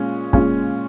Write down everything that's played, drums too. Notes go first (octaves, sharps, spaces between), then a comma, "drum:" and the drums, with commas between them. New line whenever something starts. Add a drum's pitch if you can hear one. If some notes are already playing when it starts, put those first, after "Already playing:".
Already playing: A#2 G#3 C#4 F4
A#2 G#3 C#4 F4, drum: kick